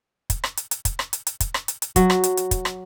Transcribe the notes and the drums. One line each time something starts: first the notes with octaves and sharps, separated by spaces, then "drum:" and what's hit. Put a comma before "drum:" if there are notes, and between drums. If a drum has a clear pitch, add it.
drum: kick, hi-hat
drum: rim click
drum: hi-hat
drum: hi-hat
drum: kick, hi-hat
drum: rim click
drum: hi-hat
drum: hi-hat
drum: kick, hi-hat
drum: rim click
drum: hi-hat
drum: hi-hat
F#3, drum: kick, hi-hat
drum: rim click
drum: hi-hat
drum: hi-hat
drum: kick, hi-hat
drum: rim click